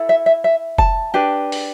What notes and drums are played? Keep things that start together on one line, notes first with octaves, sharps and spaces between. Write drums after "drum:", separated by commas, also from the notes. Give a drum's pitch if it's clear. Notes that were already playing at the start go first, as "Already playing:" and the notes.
Already playing: E4 A4
E5
E5
E5
A5, drum: kick F1
D4 G4 B4
drum: open hi-hat